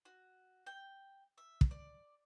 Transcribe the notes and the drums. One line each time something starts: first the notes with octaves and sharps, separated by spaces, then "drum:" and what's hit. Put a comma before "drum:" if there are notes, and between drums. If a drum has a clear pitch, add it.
F#4
G5
E5
drum: kick
D5